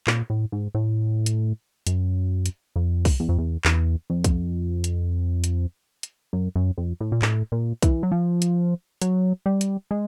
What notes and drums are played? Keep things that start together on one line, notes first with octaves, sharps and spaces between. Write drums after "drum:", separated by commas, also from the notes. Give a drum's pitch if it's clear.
A#2, drum: clap
A2
G#2
A2
drum: hi-hat
F#2, drum: hi-hat
drum: hi-hat
F2
drum: kick B1, open hi-hat
E2
F2
E2
E2, drum: clap
F2
drum: kick B1, hi-hat
drum: hi-hat
drum: hi-hat
drum: hi-hat
F#2
F#2
F2
A2
A#2
A2, drum: clap
A#2
E3, drum: kick B1, hi-hat
F#3
F3
drum: hi-hat
F#3, drum: hi-hat
G3
drum: hi-hat
G#3